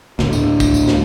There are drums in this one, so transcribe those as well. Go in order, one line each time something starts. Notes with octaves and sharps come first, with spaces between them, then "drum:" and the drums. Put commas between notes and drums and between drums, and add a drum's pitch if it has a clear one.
D2 A2 D3, drum: snare
drum: tambourine
drum: kick, tambourine
drum: tambourine
drum: snare